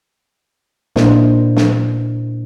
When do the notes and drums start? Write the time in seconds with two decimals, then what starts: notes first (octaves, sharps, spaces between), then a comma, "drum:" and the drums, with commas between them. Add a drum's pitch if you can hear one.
0.96 A#2 D4 E4 A#4 C5 D#5, drum: snare
1.57 drum: snare